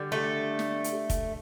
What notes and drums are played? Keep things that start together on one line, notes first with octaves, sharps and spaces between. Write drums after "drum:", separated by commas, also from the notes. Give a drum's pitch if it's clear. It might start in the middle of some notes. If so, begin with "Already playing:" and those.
Already playing: D3 G3
A3
drum: snare
drum: hi-hat
drum: kick, hi-hat